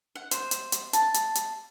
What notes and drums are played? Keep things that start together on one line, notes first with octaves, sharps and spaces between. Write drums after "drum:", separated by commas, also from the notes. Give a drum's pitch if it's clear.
F#5
C5, drum: hi-hat
drum: hi-hat
drum: hi-hat
A5, drum: hi-hat
drum: hi-hat
drum: hi-hat